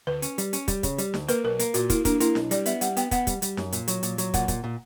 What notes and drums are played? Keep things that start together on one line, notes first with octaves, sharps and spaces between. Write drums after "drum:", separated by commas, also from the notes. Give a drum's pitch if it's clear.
D2 B4
C#4, drum: hi-hat
G3, drum: hi-hat
C#4, drum: hi-hat
G3, drum: kick, hi-hat
C#3, drum: kick, hi-hat
G3, drum: hi-hat
D2, drum: snare
A#3 B4, drum: hi-hat
B1 A#4
A#3, drum: hi-hat
A#2 F#4, drum: hi-hat
A#3 E4, drum: kick, hi-hat
A#3 D4, drum: kick, hi-hat
A#3 E4, drum: hi-hat
B1, drum: snare
G3 D5, drum: hi-hat
B3 E5, drum: hi-hat
G3 F#5, drum: hi-hat
B3 G5, drum: hi-hat
B3 F#5, drum: kick, hi-hat
G3, drum: kick, hi-hat
G3, drum: hi-hat
F#2, drum: snare
A#2, drum: hi-hat
F#3, drum: hi-hat
A#2, drum: hi-hat
F#3, drum: hi-hat
A#2 F#5, drum: kick, hi-hat
A#2, drum: kick, hi-hat
A#2